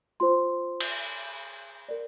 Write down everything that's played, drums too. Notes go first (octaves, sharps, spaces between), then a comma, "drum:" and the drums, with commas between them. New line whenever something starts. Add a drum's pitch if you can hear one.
F4 C5 C6
drum: cymbal
A#4 D5